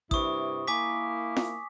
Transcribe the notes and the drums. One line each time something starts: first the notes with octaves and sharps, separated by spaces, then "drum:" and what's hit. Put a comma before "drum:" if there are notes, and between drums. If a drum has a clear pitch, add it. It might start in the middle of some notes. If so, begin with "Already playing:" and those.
G2 C3 E4 C#6 D#6, drum: kick A1
A#3 E4 G#5 D6 B6
drum: snare